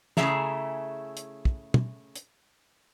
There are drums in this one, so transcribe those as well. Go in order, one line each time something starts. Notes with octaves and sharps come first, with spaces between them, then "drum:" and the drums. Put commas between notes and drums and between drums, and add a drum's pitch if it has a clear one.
C#3 A3 E4 G#4 E5 A#5, drum: snare
drum: hi-hat
drum: kick
drum: tom
drum: hi-hat